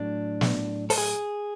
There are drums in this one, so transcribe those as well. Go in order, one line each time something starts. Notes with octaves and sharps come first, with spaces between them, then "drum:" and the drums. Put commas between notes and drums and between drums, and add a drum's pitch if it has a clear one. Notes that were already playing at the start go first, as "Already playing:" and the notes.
Already playing: A2 F#3 A3 D4
drum: snare
A4, drum: open hi-hat
G#4